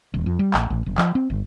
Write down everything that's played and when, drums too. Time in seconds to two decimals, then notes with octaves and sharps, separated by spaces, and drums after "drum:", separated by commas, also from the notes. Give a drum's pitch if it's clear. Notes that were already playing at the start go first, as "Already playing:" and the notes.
0.14 D#1
0.26 F2
0.39 G3
0.54 A1, drum: clap
0.70 A1
0.86 F#1
0.98 F3, drum: clap
1.15 C4
1.30 G1